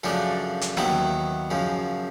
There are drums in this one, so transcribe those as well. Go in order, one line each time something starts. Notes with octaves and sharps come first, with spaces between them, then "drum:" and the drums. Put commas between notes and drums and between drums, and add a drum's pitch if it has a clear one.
F#2 C#3 F3 A3 D4
drum: hi-hat
D#2 D#3 F#3 B3 E4, drum: snare
F#2 C#3 F3